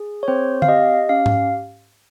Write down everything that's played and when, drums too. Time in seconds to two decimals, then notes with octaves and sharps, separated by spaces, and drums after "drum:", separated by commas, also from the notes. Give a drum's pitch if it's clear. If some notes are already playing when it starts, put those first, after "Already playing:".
Already playing: G#4
0.23 C#5
0.28 C4 C5
0.62 F5, drum: tom D3
0.68 G4 D#5
1.09 C#4 F5
1.26 drum: tom G#2